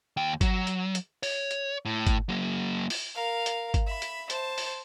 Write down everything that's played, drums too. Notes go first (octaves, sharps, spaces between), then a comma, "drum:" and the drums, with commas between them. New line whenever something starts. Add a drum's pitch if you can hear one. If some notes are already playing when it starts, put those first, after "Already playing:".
D#2 G5
F#3, drum: kick G1, hi-hat
drum: hi-hat
drum: hi-hat
C#5, drum: open hi-hat
drum: hi-hat
A2
drum: kick G1, hi-hat
F#3 A#3
drum: open hi-hat
A#4 F5
drum: hi-hat
drum: kick G1, hi-hat
E5 B5
drum: hi-hat
C5 A5, drum: hi-hat
drum: open hi-hat